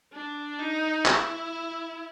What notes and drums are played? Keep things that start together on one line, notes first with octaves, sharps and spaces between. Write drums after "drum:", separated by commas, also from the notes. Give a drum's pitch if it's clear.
D4
D#4
E4, drum: clap